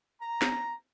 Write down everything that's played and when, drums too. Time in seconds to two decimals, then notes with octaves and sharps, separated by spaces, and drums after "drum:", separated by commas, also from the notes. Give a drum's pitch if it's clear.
0.21 A#5
0.42 drum: snare